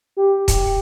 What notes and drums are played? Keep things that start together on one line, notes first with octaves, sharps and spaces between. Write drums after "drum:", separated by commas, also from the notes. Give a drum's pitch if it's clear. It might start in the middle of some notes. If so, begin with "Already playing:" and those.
G4
drum: kick D#1, hi-hat